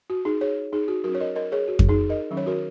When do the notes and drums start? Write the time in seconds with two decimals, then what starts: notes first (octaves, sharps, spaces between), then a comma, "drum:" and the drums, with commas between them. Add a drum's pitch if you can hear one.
0.10 F#4
0.25 D#4 G#4
0.41 G#4 C#5
0.73 D#4 G#4
0.88 F#4
1.04 F#3 C#4 F#4 A#4
1.15 C#5
1.20 A#4 D#5
1.36 A#4 D#5
1.52 G#4 C#5
1.68 F#4
1.79 drum: kick F2
1.89 D#4 G#4
2.09 A#4 D#5
2.31 D#3 F#3 C#4
2.37 C#5
2.46 F#4 A#4